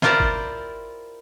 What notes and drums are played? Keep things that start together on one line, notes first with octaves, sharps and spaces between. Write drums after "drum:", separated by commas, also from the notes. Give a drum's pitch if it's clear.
E4 F4 G4 A#4 C5 D5, drum: snare
drum: kick G1